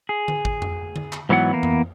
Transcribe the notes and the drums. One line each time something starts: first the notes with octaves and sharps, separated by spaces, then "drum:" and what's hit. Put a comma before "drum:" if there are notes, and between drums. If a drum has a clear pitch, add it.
G#4
drum: tom D3
drum: kick
drum: tom F2
drum: tom D3
drum: clap
G#2 E3 F#3 B3 F#5
E3 A#3 B3
drum: tom F2